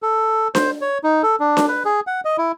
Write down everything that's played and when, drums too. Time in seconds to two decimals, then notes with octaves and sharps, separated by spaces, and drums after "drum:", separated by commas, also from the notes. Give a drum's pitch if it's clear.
0.03 A4
0.55 C5, drum: snare D4
0.81 C#5
1.04 D#4
1.23 A4
1.40 D4
1.57 drum: snare D4
1.68 B4
1.85 G#4
2.07 F#5
2.25 D#5
2.38 E4